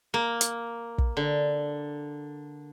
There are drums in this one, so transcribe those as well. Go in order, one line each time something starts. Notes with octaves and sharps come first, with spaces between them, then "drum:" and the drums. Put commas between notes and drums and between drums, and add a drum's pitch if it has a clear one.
A#3
drum: hi-hat
drum: kick
D3